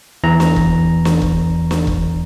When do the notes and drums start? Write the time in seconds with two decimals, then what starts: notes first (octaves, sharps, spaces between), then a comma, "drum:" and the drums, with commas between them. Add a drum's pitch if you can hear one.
0.24 E2 E3 A#5
0.40 drum: snare
0.56 drum: kick E1
1.05 drum: snare
1.22 drum: kick E1
1.71 drum: snare
1.87 drum: kick E1